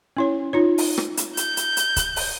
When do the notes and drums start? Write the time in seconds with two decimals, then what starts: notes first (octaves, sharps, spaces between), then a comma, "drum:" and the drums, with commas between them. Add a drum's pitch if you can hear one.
0.17 C#4 E4 C#5
0.53 D#4 F4 C#5
0.78 drum: open hi-hat
0.98 drum: rim click
1.17 drum: hi-hat
1.37 G6, drum: hi-hat
1.57 drum: hi-hat
1.77 drum: hi-hat
1.96 drum: kick C#1, hi-hat
2.16 drum: open hi-hat